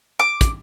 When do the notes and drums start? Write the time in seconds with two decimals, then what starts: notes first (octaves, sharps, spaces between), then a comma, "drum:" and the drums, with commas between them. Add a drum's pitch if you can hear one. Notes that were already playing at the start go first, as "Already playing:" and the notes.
0.19 D6
0.41 drum: kick, hi-hat